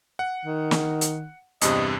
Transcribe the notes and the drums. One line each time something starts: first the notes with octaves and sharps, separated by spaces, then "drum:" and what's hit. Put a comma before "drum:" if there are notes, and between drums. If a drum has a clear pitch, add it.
F#5
D#3
drum: snare
drum: hi-hat
E2 G2 C3 D#5, drum: hi-hat